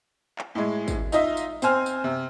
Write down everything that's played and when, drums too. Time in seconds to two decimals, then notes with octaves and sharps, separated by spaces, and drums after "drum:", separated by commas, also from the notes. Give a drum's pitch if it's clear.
0.38 drum: clap
0.55 A2 G#3
0.88 drum: kick, tambourine
1.12 D#4 F4 D#5 E5, drum: tambourine
1.37 drum: tambourine
1.62 C4 C5 G#5 F6, drum: tambourine
1.86 drum: tambourine
2.04 C3